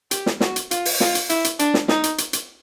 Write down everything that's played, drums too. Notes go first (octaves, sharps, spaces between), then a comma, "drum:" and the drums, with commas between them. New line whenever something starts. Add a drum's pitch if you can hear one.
G4, drum: hi-hat
drum: snare
F#4, drum: snare
drum: hi-hat
F4, drum: hi-hat
drum: open hi-hat
F4, drum: snare
drum: hi-hat
E4, drum: hi-hat
drum: hi-hat
D4, drum: hi-hat
drum: snare
D#4, drum: snare
drum: hi-hat
drum: hi-hat
drum: hi-hat